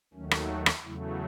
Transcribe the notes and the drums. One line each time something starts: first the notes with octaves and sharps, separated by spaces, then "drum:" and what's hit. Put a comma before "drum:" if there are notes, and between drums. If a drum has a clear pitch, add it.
D#2 D#3 F#3 A3 C#4
drum: rim click
F#4
drum: rim click
E2 C#3 F#3 A3 E4